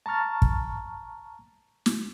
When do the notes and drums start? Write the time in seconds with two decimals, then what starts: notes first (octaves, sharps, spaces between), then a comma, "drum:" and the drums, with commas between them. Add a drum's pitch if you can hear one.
0.06 A5 A#5 C#6 F6 A6
0.42 drum: kick
1.86 drum: snare